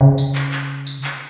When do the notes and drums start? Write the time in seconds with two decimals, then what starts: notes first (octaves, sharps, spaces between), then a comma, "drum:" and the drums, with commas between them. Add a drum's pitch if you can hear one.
0.01 C#3
0.18 drum: tambourine
0.35 drum: clap
0.52 drum: clap
0.87 drum: tambourine
1.04 drum: clap